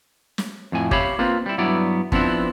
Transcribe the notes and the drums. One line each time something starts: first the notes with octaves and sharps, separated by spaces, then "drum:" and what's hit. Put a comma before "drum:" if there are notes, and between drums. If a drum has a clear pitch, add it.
drum: snare
F2 A2 G#5
G4 C#5 E5 F5 B5, drum: kick
A#3 C4 F4 B4
G3 E4
G2 F#3 B3 E4 D5
F3 B3 C4 D4 E4, drum: kick